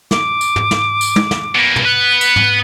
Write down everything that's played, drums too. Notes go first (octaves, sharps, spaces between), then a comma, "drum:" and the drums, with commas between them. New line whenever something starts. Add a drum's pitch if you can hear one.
D6, drum: snare
drum: tambourine
drum: tom
drum: snare
drum: tambourine
drum: tom
drum: snare
B2 A#3
drum: tom
B3 B4 F#6
drum: tambourine
drum: tom